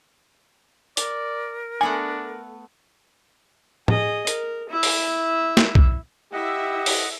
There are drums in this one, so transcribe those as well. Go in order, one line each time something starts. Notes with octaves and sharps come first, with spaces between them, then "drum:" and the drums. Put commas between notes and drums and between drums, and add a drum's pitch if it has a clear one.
A#4 D5, drum: hi-hat
A3 B3 D4 F#5 G#5
G#4 D#5, drum: tom A2
A#4, drum: hi-hat
E4 E5
drum: open hi-hat
drum: snare
drum: kick B1
E4 G4 D#5 E5 F#5
drum: open hi-hat